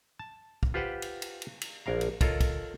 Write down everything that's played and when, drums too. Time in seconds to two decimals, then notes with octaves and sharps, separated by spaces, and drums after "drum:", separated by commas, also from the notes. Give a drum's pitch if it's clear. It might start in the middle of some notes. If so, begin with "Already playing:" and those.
0.19 A5
0.63 drum: kick
0.74 F4 G4 B4 C5 F#5 G5
1.02 drum: cymbal
1.22 drum: cymbal
1.42 drum: cymbal
1.61 drum: cymbal
1.86 A#1 A#4 F5 A#5
2.01 drum: cymbal
2.21 F4 A4 A#4 C#5 D#5, drum: kick, cymbal
2.40 drum: kick, cymbal